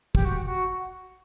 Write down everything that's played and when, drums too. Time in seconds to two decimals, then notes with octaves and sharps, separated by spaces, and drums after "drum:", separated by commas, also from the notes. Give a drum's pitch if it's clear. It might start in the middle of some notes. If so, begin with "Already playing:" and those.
0.15 G4, drum: kick
0.25 F#4
0.45 F#4